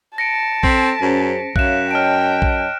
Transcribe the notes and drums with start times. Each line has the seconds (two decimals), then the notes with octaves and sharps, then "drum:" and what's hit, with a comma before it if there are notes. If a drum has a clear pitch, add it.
0.18 A5 A#6 C#7 D7
0.63 C4 A4 A#6 B6, drum: kick A#1
1.02 F#2 C#4 G#4 C5
1.56 F#2 C#5 E5 F5 F#6 E7, drum: kick A#1
1.91 C#5 D#5 G5 A5 F6 D7
2.42 drum: kick A#1